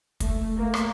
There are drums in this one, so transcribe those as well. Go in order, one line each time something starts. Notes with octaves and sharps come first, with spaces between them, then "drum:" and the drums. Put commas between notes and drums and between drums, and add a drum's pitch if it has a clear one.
A3, drum: kick, hi-hat
A#3
drum: rim click